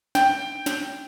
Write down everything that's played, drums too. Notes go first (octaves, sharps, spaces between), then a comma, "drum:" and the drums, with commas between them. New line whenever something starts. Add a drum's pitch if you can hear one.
G5, drum: snare
drum: snare